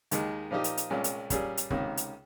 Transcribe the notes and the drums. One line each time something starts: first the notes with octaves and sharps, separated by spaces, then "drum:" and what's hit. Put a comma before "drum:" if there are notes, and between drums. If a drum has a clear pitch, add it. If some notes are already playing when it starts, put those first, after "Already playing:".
D#2 D#3 G#3, drum: hi-hat
A#2 F3 A#3 D#4 G4
drum: hi-hat
drum: hi-hat
C2 A#2 G#3 C#4
drum: hi-hat
A#2 G3 C#4 G#4, drum: kick, hi-hat
drum: hi-hat
C#2 C3 D#3 A#3 C#4, drum: kick
drum: hi-hat